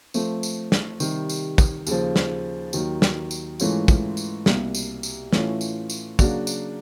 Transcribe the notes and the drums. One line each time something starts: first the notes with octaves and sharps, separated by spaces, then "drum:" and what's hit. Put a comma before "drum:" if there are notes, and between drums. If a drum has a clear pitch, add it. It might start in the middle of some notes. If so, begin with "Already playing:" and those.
F3 A3 C4, drum: tambourine
drum: tambourine
drum: snare
C3 D#3 G3, drum: tambourine
drum: tambourine
drum: kick, tambourine
D#2 C#3 F3, drum: tambourine
drum: snare
D#2 D#3 F#3, drum: tambourine
drum: snare
drum: tambourine
G#2 E3 A3 C#4 F4, drum: tambourine
drum: kick, tambourine
drum: tambourine
C2 B2 G3 A#3, drum: snare
drum: tambourine
drum: tambourine
A2 E3 A3 C#4 F4, drum: snare
drum: tambourine
drum: tambourine
C#3 F#3 A#3 D4 F#4, drum: kick, tambourine
drum: tambourine